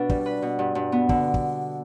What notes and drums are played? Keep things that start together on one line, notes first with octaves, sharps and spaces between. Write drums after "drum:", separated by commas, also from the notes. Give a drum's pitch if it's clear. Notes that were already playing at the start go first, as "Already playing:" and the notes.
Already playing: B2 D4 B4
G3, drum: kick
B4
B2
G2
G2
B3
D3, drum: kick
drum: kick